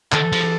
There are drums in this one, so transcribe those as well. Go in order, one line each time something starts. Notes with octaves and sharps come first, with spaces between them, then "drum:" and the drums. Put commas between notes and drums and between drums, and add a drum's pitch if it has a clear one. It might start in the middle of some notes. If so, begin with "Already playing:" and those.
D#3 A4, drum: clap
F3, drum: cymbal